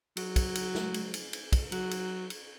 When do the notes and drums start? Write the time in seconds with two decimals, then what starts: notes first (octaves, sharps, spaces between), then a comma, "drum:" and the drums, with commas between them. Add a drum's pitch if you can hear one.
0.17 F#3, drum: cymbal
0.36 drum: kick, cymbal
0.55 drum: cymbal
0.75 drum: snare
0.94 drum: cymbal
1.14 drum: cymbal
1.33 drum: cymbal
1.52 drum: kick, cymbal
1.72 F#3, drum: cymbal
1.91 drum: cymbal
2.30 drum: cymbal